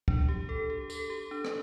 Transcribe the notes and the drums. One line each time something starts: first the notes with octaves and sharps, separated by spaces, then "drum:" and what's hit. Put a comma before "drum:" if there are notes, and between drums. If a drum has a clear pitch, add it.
D4, drum: kick
G4
A4
G4
A4, drum: tambourine
G4
D4
drum: rim click